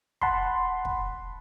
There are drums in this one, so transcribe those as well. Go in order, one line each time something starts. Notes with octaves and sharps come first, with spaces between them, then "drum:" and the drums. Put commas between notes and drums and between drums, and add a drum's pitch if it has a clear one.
F#5 A5 B5 C6, drum: kick
drum: kick